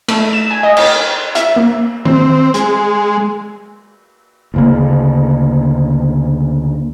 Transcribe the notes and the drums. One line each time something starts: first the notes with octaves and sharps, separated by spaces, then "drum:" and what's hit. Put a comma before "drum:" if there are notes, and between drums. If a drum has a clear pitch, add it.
A3, drum: cymbal
E7
G#5
D#5
G5, drum: cymbal
E5, drum: hi-hat
A#3
C4, drum: tom
G#3, drum: hi-hat
D2 C#3 A#3